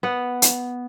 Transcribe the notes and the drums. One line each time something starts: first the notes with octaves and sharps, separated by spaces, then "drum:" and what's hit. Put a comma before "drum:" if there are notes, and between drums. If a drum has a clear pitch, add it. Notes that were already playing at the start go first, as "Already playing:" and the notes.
B3 F#5
drum: hi-hat